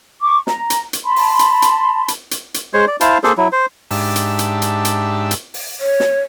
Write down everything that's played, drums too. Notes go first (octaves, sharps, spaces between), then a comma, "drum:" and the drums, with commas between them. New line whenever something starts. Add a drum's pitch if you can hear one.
C#6 D6
A#5, drum: snare
drum: hi-hat
drum: hi-hat
A5 B5 C6
drum: open hi-hat
drum: hi-hat
drum: hi-hat
drum: hi-hat
drum: hi-hat
drum: hi-hat
G#3 C5 C#5
D5
E4 C5 F5 A5, drum: hi-hat
A#3 G#4 A4 C5, drum: snare
F#3 E4
C5
G#2 D4 G4 E5 A5, drum: open hi-hat
drum: hi-hat
drum: hi-hat
drum: hi-hat
drum: hi-hat
drum: hi-hat
drum: open hi-hat
C#5
drum: snare